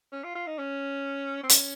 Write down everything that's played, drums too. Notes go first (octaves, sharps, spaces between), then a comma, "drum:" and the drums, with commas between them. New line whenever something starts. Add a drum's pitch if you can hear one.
C#4
F4
F4
D#4
C#4
C4
C#4, drum: hi-hat